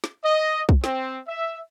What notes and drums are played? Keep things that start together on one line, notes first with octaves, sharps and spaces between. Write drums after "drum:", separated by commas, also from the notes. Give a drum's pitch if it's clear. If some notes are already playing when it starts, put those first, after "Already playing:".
drum: snare
D#5
drum: kick
C4, drum: snare
E5